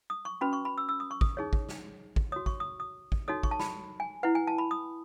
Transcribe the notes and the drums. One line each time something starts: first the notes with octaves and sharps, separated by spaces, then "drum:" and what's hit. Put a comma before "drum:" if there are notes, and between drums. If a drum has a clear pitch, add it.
D#6
C#6
C#4 F#4 B4 B5
C#6
B5
E6
E6
D#6
C#6
D#6, drum: kick
D#4 G#4 C#5
drum: kick
drum: snare
drum: kick
F#4 C#5 D#6
C#6, drum: kick
D#6
D#6
drum: kick
D#4 F#4 A4 C#5 D#6
C#6, drum: kick
A5
B5, drum: snare
G#5
E4 B4 F#5
G#5
A5
B5
D#6